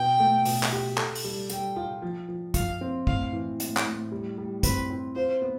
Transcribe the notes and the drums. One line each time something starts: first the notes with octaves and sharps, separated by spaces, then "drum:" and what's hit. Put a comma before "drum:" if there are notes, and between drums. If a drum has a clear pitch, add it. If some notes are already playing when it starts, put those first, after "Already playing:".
Already playing: B2 G5
A3
B2, drum: open hi-hat
drum: clap
G4
A4, drum: clap
drum: open hi-hat
G3
G3 G5, drum: hi-hat
F4
F3
F3
F3 F5, drum: kick, hi-hat
C4
A2 F5, drum: kick
E3
A2, drum: hi-hat
drum: clap
A2
G3
G3
C4 B4, drum: kick, hi-hat
C4
F4 C5
B3